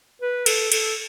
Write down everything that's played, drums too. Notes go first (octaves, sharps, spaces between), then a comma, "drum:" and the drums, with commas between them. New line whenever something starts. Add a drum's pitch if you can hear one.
B4
A4, drum: cymbal
A4, drum: cymbal